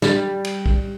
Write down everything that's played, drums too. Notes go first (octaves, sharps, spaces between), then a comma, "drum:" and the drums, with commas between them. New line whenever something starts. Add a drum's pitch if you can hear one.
G3, drum: snare
drum: cymbal
drum: kick